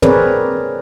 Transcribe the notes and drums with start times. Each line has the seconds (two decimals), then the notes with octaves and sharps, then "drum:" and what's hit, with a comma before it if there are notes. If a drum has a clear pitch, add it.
0.02 C4 G#4 A#4 B4 C#5 D5, drum: tom